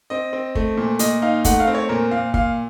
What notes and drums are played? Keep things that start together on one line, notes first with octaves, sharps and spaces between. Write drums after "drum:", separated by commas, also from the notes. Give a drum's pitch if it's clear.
C4 D#5
C4
A3, drum: kick
A#2
A#2 D#5, drum: hi-hat
D#4 F5
A3 F#5, drum: kick, hi-hat
F5
C4
C#5
A#2 A#4
A#2 F5
A#2 F5, drum: kick